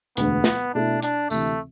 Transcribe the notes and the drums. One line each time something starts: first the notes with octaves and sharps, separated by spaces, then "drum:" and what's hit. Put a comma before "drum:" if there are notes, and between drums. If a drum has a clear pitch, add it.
E1 D2 D3 B3, drum: hi-hat
drum: snare
B2 A3 D4 E4
D4, drum: hi-hat
D2 C3 E3 A3, drum: tambourine